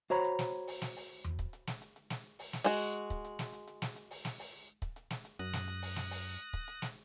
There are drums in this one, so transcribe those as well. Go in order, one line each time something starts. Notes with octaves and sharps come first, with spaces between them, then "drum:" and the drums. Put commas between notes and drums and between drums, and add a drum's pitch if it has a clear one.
F#4 C5 C#5 A#5 B5
drum: hi-hat
drum: snare
drum: open hi-hat
drum: snare
drum: open hi-hat
drum: tom E2
drum: kick, hi-hat
drum: hi-hat
drum: snare
drum: hi-hat
drum: hi-hat
drum: snare
drum: open hi-hat
drum: snare
G#3 F#4, drum: open hi-hat
drum: kick, hi-hat
drum: hi-hat
drum: snare
drum: hi-hat
drum: hi-hat
drum: snare
drum: hi-hat
drum: open hi-hat
drum: snare
drum: open hi-hat
drum: kick, hi-hat
drum: hi-hat
drum: snare
drum: hi-hat
F#2 D#6 F#6 A#6, drum: hi-hat
drum: snare
drum: hi-hat
drum: open hi-hat
drum: snare
drum: open hi-hat
drum: kick, hi-hat
drum: hi-hat
drum: snare